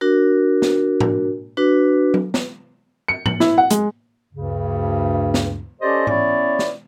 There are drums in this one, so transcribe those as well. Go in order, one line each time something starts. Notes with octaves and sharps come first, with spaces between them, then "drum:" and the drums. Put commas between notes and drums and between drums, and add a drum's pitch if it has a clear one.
D4 F#4 A#4
drum: snare
drum: tom A2
D4 F#4 B4
drum: tom F#3
drum: snare
C#7
F#7, drum: tom A2
E4, drum: snare
F#5
G#3, drum: hi-hat
D2 G2 C#3
drum: snare
C#4 G4 A4 C5 D5 D#5
B3 C#4 E4 C#5 D5, drum: tom G#2
drum: snare